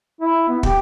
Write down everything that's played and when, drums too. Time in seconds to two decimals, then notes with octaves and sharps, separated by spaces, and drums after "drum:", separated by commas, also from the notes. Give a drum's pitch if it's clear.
0.21 E4
0.48 B3
0.63 G4, drum: kick